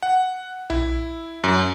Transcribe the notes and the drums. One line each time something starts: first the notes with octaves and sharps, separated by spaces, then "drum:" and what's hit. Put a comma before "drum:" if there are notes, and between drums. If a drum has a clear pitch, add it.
F#5
E4, drum: tom B1
F#2